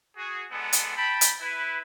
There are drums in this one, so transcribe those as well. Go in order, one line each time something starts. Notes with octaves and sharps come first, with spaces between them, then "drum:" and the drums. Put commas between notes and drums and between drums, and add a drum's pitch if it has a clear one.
F#4 G#4
G#3 B3 D4 A4 F#5
drum: hi-hat
G5 A5 B5
drum: hi-hat
E4 B4